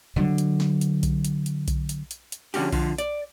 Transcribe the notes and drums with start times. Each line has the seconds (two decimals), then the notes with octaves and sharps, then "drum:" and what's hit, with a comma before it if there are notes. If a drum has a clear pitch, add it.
0.16 D3 F#3
0.38 drum: hi-hat
0.60 drum: snare
0.81 drum: hi-hat
1.03 drum: kick B1, hi-hat
1.25 drum: hi-hat
1.46 drum: hi-hat
1.68 drum: kick B1, hi-hat
1.89 drum: hi-hat
2.11 drum: hi-hat
2.32 drum: hi-hat
2.54 F2 D3 C#4 F#4 G4, drum: open hi-hat
2.72 D3 F3, drum: kick B1, open hi-hat
2.98 D5, drum: hi-hat